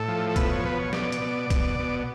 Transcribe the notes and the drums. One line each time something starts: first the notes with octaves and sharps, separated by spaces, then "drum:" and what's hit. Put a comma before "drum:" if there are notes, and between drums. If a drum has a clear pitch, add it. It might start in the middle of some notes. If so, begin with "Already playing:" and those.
Already playing: A2 A4
F3
A4
B2 B4, drum: kick, hi-hat
C#5
B2 B4
C#5
B2 D5, drum: snare
drum: hi-hat
B2
B2, drum: kick, hi-hat
B2